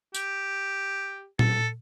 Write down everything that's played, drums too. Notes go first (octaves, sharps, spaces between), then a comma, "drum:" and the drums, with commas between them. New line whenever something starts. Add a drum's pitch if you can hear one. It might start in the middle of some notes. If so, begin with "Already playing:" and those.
G4, drum: tambourine
A4, drum: tom A#2